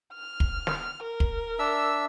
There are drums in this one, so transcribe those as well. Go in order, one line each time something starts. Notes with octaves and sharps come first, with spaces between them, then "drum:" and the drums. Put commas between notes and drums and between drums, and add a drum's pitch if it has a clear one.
F6
drum: kick
drum: snare
A#4
drum: kick
D4 E5 E6